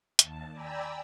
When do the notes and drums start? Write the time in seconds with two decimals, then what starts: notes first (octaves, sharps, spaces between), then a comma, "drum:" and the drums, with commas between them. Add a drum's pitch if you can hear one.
0.19 D#2 A5, drum: hi-hat
0.51 D5 G5 G#5 A#5 B5 E6